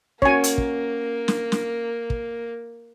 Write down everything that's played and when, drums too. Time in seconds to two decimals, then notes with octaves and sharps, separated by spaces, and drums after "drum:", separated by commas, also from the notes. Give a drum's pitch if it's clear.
0.22 A#3 C#4 F#4 C#5 G#5, drum: kick
0.44 drum: hi-hat
0.58 drum: kick
1.28 drum: snare
1.52 drum: snare
2.10 drum: kick